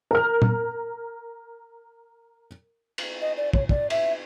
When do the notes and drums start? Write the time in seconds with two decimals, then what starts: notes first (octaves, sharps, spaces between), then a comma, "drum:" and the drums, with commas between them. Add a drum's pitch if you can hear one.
0.11 A#4 F6
0.42 drum: tom
2.98 drum: cymbal
3.21 D#5
3.37 D5
3.53 C#5, drum: kick
3.69 D5, drum: kick
3.90 E5, drum: cymbal